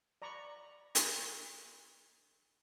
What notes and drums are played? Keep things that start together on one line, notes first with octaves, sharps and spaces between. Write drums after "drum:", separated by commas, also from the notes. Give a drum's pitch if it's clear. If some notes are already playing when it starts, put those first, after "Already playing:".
D5 A#5 B5 C#6
drum: hi-hat